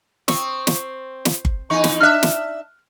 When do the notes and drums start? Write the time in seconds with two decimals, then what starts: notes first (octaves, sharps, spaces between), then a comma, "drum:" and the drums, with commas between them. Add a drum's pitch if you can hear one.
0.28 C4 C#6 D#6 E6, drum: snare
0.67 drum: snare
1.25 drum: snare
1.45 drum: kick G1
1.70 E2 D#4 G#5 C#6
1.84 drum: snare
2.00 D4 E5 F6 F#6
2.23 drum: snare